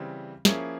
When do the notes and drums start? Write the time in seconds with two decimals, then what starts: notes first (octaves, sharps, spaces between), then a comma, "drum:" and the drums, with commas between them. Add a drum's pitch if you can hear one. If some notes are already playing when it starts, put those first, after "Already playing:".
Already playing: C#3 E3 G3 C4
0.45 F3 A#3 C#4 E4 G#4, drum: snare